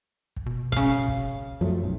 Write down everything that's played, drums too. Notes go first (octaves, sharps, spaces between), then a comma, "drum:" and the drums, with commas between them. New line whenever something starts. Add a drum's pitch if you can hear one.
drum: kick
B2
C#3 F5, drum: kick
drum: kick
F#2 F3 F#3 A3
B1